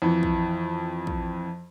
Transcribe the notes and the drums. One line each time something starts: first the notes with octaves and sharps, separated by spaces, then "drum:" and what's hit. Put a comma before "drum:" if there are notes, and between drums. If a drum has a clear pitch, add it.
F2 E3
drum: kick
drum: kick